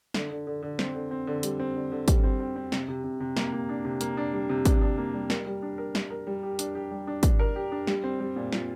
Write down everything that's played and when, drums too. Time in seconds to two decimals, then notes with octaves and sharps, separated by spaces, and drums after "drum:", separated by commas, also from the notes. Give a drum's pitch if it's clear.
0.14 D3, drum: snare
0.30 D3
0.47 D3
0.62 D3
0.79 C4, drum: snare
0.95 D3
1.11 C4
1.27 D3
1.43 G3, drum: hi-hat
1.59 C4
1.76 D3
1.92 D3
2.08 G3, drum: kick, hi-hat
2.24 C4
2.40 C4
2.56 C4
2.72 C3, drum: snare
2.88 C3
3.04 C3
3.20 C3
3.37 A#3, drum: snare
3.53 A#3
3.69 D4
3.85 C3
4.01 A#3, drum: hi-hat
4.17 D4
4.33 G3
4.49 C3
4.65 D4, drum: kick, hi-hat
4.82 D4
4.98 A#3
5.14 G3
5.30 A#4, drum: snare
5.46 G3
5.62 D4
5.78 A#4
5.95 G3, drum: snare
6.11 A#4
6.27 G3
6.43 G4
6.59 D4, drum: hi-hat
6.75 G4
6.91 G3
7.07 D4
7.23 D4, drum: kick, hi-hat
7.39 A#4
7.56 G4
7.72 D4
7.87 G3, drum: snare
8.04 C4
8.20 G3
8.36 A#2
8.52 F4, drum: snare